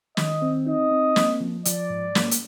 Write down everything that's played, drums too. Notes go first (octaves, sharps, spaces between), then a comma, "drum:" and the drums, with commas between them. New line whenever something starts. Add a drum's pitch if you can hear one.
D#3 D#5, drum: snare
C4
D#4 D#5
C4
A#3, drum: snare
F3
F3 D5, drum: hi-hat
G#2
A#3, drum: snare
drum: hi-hat